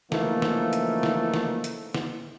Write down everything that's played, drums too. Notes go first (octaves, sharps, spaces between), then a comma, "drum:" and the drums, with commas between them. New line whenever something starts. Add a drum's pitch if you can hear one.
C#3 E3 F3 A3 A#3 D#4, drum: snare
drum: snare
drum: hi-hat
drum: snare
drum: snare
drum: hi-hat
drum: snare